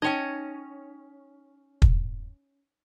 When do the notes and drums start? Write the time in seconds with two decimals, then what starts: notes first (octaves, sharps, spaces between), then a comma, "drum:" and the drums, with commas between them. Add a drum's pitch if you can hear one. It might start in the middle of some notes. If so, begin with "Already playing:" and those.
0.02 C#4 D#4 C#5 D#5 G5
1.82 drum: kick